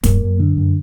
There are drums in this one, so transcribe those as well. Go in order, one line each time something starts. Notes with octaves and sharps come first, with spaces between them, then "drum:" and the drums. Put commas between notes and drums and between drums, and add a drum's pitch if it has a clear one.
F#2 A#3, drum: kick, hi-hat
F#2
D3
F#2